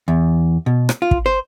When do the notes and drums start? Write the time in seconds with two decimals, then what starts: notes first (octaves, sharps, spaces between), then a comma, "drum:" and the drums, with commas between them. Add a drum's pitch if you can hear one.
0.08 E2
0.66 B2
0.89 drum: rim click
1.02 F4
1.11 drum: kick
1.26 C5